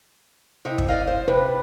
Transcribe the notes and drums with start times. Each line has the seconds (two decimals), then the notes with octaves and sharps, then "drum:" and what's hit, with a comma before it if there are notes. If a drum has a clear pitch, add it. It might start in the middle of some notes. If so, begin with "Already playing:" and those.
0.65 C3 D#4 E4
0.78 drum: kick
0.88 D5 D#5 F5
1.07 C5
1.28 C3 B4